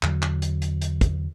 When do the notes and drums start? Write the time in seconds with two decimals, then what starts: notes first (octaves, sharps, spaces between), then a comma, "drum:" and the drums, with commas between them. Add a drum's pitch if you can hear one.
0.03 E2 D3 F#3, drum: clap
0.22 drum: clap
0.42 drum: hi-hat
0.62 drum: hi-hat
0.82 drum: hi-hat
1.01 drum: kick, hi-hat